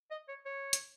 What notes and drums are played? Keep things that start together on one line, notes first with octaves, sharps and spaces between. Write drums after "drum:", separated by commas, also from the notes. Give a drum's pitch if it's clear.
D#5
C#5
C#5
drum: hi-hat